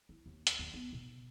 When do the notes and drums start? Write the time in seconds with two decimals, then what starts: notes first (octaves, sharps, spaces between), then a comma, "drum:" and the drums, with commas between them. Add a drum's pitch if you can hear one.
0.09 E4
0.26 D#2
0.47 drum: hi-hat
0.59 D#2
0.74 B3
0.93 B2